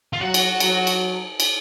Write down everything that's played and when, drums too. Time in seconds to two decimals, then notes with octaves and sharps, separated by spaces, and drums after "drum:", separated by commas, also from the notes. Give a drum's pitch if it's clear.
0.13 F4
0.21 F#3 F#4
0.34 drum: cymbal
0.60 F#3, drum: cymbal
0.87 drum: cymbal
1.40 drum: cymbal